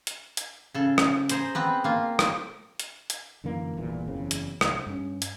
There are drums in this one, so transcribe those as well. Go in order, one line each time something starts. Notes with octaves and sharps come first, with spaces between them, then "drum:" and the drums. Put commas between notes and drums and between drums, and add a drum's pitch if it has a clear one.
drum: hi-hat
drum: hi-hat
C#3 A4
drum: rim click
G#4 C5 A#5, drum: hi-hat
B3 C4 B4
A#3 F4
drum: rim click
drum: hi-hat
drum: hi-hat
F#2 D3 E3 A#3
G1 E2 A#2 E3
F#1 E2 C#3 C4
drum: hi-hat
C2, drum: rim click
G2 C#4
drum: hi-hat